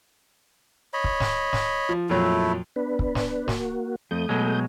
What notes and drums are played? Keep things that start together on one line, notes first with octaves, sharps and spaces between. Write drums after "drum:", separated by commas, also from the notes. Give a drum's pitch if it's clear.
C#5 D#5 B5
drum: kick
drum: snare
drum: snare
F3
F2 A#2 F#3 A3 E4
B3 D4 B4
drum: kick
drum: snare
A#3 F#4, drum: snare
F2 A3 D#6 G6
B2 F#3 G#3